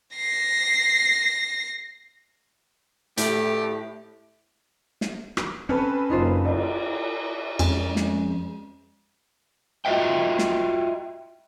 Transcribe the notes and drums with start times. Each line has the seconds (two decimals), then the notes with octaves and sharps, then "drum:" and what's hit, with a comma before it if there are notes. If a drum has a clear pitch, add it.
0.16 A#6 C7
3.17 A2 A3 G4, drum: hi-hat
5.01 drum: snare
5.37 drum: rim click
5.69 C4 C#4 A4 B4
6.10 F#1 D#4 F4 C5
6.45 drum: cymbal
7.59 F2 G#3 C#4, drum: cymbal
7.96 drum: snare
9.85 F4 F#4 D#5 E5 G5
10.39 drum: snare